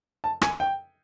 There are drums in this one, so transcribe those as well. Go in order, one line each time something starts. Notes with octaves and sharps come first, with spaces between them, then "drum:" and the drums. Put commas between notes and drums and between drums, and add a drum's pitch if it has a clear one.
A5
G#5, drum: rim click
G5